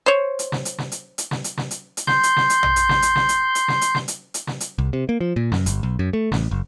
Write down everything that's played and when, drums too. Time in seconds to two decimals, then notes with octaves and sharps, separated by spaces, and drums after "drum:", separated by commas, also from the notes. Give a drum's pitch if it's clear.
0.06 C5 C#5
0.39 drum: hi-hat
0.52 drum: snare
0.65 drum: hi-hat
0.78 drum: snare
0.92 drum: hi-hat
1.18 drum: hi-hat
1.31 drum: snare
1.44 drum: hi-hat
1.57 drum: snare
1.71 drum: hi-hat
1.97 drum: hi-hat
2.07 C6 G6, drum: snare
2.23 drum: hi-hat
2.37 drum: snare
2.50 drum: hi-hat
2.63 drum: tom A#1
2.76 drum: hi-hat
2.89 drum: snare
3.02 drum: hi-hat
3.16 drum: snare
3.29 drum: hi-hat
3.55 drum: hi-hat
3.68 drum: snare
3.81 drum: hi-hat
3.95 drum: snare
4.08 drum: hi-hat
4.34 drum: hi-hat
4.47 drum: snare
4.60 drum: hi-hat
4.78 C2
4.93 C3
5.09 A#3
5.21 F3
5.36 A#2
5.52 F#2, drum: snare
5.66 G1, drum: hi-hat
5.83 B1
5.99 F#2
6.13 A3
6.32 A1, drum: snare
6.51 F#1